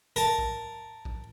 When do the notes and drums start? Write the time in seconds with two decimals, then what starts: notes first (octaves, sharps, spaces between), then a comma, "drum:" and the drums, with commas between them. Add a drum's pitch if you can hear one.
0.16 A#4 A5
0.39 drum: kick
1.05 drum: kick